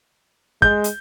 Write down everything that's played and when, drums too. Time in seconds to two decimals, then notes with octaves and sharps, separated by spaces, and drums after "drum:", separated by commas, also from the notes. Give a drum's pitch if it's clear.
0.62 G#3 G6, drum: kick
0.84 drum: hi-hat